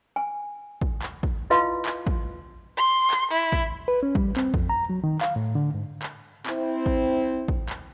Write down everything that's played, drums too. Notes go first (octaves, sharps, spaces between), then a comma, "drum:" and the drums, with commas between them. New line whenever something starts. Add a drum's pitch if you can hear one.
G#5
drum: kick
drum: clap
drum: kick
E4 F4 B4 D#5 F5 C6
drum: clap
drum: kick
C6
drum: clap
E4
drum: kick
B4
C#4
G3, drum: kick
C4, drum: clap
F2, drum: kick
A#5
F#3
D#3
F5, drum: clap
A2
D3
G#2
drum: clap
C4 E4, drum: clap
drum: kick
drum: kick
drum: clap